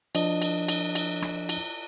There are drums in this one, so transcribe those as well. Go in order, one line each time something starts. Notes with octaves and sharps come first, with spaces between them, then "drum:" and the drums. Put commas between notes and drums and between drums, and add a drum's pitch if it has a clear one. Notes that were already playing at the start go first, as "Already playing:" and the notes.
F3 D4 D#5, drum: cymbal
drum: cymbal
drum: cymbal
drum: cymbal
drum: rim click
drum: cymbal